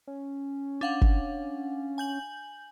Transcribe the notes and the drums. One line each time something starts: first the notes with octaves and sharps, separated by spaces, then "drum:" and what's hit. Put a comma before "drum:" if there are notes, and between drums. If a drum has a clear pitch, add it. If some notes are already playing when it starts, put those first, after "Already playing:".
C#4
D4 F5 F#5
drum: kick
G#5 G6 F#7